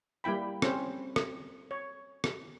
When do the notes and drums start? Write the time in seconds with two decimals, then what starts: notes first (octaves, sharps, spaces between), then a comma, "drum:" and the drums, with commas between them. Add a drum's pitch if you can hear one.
0.24 G3 A#3 E4 G5 B5
0.62 C4 C#4 C5, drum: rim click
1.16 drum: rim click
1.71 C#5
2.24 drum: rim click